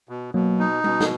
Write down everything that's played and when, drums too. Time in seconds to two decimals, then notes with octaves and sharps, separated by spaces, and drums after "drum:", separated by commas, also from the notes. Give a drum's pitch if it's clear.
0.09 B2
0.34 B2 F#3 A#3
0.59 D#4
0.84 B2, drum: tom G3
1.00 drum: snare